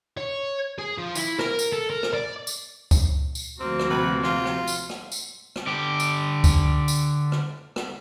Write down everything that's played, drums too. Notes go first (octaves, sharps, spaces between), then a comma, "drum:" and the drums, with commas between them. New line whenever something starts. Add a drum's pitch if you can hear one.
C#5
G#4
F3
E4, drum: tambourine
A#4, drum: rim click
drum: tambourine
A4
A#4
drum: rim click
D5
drum: tambourine
drum: kick C#2, tambourine
drum: tambourine
D2 F3 A#3 C4 F#4
drum: rim click
C3 B4
F4, drum: rim click
drum: rim click
drum: tambourine
drum: rim click
drum: tambourine
drum: rim click
D3 G4
drum: tambourine
drum: kick C#2, tambourine
drum: tambourine
drum: rim click
drum: rim click